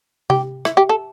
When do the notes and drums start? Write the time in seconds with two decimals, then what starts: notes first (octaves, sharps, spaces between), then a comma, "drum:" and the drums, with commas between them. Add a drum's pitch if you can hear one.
0.30 G4, drum: tom C3
0.65 E4, drum: rim click
0.77 G4
0.89 A4